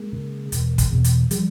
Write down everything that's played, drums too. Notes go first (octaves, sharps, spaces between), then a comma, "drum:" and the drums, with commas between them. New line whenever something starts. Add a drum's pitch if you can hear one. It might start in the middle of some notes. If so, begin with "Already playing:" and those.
Already playing: G#3 A#3
C#3
E1, drum: hi-hat
drum: kick, hi-hat
E2 B2
drum: hi-hat
F3 G3, drum: hi-hat